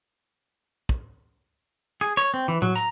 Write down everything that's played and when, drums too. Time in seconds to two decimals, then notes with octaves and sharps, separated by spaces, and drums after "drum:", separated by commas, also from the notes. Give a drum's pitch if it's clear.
0.89 drum: kick
2.01 G#4
2.17 C#5
2.34 C4
2.48 E3
2.62 F#3, drum: tom A2
2.76 A#5, drum: hi-hat